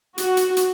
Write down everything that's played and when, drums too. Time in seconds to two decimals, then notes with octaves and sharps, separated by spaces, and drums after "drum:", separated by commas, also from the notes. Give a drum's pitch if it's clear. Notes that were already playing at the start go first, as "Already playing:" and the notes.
0.18 F#4, drum: hi-hat
0.37 drum: hi-hat
0.57 drum: hi-hat